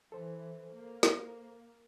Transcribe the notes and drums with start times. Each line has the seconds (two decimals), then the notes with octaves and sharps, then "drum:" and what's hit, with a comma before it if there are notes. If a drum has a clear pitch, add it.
0.12 E3 A4 C5
0.72 A#3
1.03 drum: snare